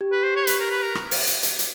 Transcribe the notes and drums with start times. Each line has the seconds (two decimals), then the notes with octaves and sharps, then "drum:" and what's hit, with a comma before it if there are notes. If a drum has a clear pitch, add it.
0.01 G4
0.12 B4
0.23 C5
0.36 C#5
0.47 B4, drum: hi-hat
0.60 A#4
0.71 B4
0.83 A#4
0.95 drum: rim click
1.11 drum: open hi-hat
1.27 drum: hi-hat
1.43 drum: hi-hat
1.59 drum: hi-hat